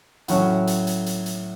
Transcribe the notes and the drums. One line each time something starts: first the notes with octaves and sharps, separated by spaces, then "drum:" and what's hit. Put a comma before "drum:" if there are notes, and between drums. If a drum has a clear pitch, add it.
A2 F#3 C#4, drum: hi-hat
drum: hi-hat
drum: hi-hat
drum: hi-hat
drum: hi-hat